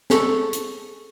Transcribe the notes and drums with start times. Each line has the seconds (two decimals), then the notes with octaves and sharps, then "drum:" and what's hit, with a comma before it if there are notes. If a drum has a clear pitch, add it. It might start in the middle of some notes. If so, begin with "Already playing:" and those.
0.10 G#4 A4 C#6, drum: snare
0.53 drum: hi-hat